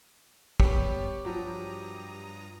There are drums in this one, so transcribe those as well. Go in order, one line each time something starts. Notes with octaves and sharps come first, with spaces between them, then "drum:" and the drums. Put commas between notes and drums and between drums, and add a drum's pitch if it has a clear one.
G3 B3 G4 B4 C#5, drum: kick
G2 F3 F#3 A#5 D#6